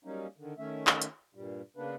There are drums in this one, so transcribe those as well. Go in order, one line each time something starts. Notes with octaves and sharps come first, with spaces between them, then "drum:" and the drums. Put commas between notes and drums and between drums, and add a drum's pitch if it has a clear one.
F#3 G3 A#3 C#4 D#4
D3 D#3
D#3 A3 C#4 E5
drum: clap
drum: hi-hat
G2 A#2 G3
C#3 A#3 B3 D4 B4